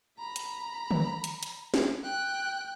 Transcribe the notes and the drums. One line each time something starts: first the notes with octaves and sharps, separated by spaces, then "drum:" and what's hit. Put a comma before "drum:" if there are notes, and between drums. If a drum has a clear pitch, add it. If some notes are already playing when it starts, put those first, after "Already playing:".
A#5 B5
drum: hi-hat
drum: tom D3
drum: hi-hat
drum: hi-hat
drum: snare
G5 F#6